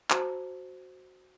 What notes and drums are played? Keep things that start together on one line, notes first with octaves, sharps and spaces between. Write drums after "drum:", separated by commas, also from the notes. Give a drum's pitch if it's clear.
F#4 C5 A5 A#5, drum: clap